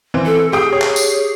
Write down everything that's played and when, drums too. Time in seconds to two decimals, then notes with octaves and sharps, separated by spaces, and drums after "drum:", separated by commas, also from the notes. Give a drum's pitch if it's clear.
0.14 E3 C4
0.26 A4
0.52 G4 G#4 G5 D#6
0.71 G4 C#5
0.81 drum: clap
0.96 drum: tambourine